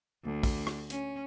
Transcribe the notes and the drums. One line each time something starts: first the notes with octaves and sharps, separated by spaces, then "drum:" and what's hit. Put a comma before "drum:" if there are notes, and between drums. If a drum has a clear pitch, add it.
D2
drum: kick, open hi-hat
drum: rim click
C#4, drum: hi-hat